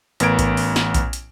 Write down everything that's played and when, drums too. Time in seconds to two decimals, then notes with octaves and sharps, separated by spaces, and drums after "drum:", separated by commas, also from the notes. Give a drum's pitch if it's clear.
0.20 A1 B3 A#4 G#6 D7, drum: hi-hat
0.39 drum: kick A#1, hi-hat
0.57 drum: open hi-hat
0.76 drum: snare
0.94 drum: kick A#1, hi-hat
1.13 drum: hi-hat